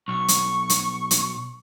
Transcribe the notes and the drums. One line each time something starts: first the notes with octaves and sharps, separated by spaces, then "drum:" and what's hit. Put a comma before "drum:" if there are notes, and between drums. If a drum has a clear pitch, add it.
B1 C#6
drum: hi-hat
drum: hi-hat
drum: hi-hat